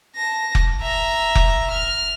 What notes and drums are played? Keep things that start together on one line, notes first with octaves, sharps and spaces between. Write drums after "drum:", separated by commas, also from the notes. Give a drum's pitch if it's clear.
A5 A#6
drum: kick F1
E5 A#5
drum: kick F1
F6